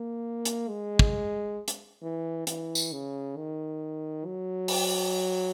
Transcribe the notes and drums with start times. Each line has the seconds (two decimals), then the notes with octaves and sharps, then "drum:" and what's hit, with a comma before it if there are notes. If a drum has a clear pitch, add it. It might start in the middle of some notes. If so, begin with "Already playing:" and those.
Already playing: A#3
0.45 drum: hi-hat
0.68 G#3
0.99 drum: kick
1.68 drum: hi-hat
2.02 E3
2.47 E3, drum: hi-hat
2.75 drum: tambourine
2.92 C#3
3.37 D#3
4.25 F#3
4.68 drum: open hi-hat